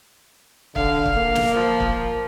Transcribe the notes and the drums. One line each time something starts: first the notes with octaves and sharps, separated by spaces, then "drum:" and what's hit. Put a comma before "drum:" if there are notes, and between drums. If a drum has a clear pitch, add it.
D3 F5, drum: kick
drum: kick
A#3
drum: snare
F3
drum: kick